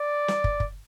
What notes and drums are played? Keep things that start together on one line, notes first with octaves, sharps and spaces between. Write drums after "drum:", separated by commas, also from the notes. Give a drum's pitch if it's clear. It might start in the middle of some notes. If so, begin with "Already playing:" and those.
Already playing: D5
drum: snare
drum: kick
drum: kick